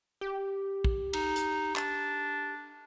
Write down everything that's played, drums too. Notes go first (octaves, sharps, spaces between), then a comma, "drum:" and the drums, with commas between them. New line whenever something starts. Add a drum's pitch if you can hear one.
G4
drum: kick
D#4, drum: cymbal
drum: hi-hat
D4, drum: clap